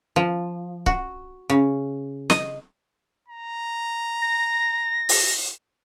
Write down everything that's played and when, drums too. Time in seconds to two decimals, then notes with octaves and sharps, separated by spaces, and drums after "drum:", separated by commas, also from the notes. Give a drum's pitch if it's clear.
0.16 F3
0.86 F#4, drum: kick C#1
1.50 C#3
2.30 D#5, drum: snare
3.28 A#5
4.21 A#6
5.09 drum: open hi-hat